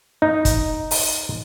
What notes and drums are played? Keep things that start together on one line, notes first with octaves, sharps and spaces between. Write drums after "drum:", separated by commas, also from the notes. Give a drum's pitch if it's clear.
D#4
drum: kick, hi-hat
drum: open hi-hat